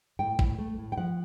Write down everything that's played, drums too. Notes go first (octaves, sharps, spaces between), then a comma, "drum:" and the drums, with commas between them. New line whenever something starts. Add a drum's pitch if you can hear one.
A2 G5
A2, drum: kick
A3
A2
G5
F3 F#5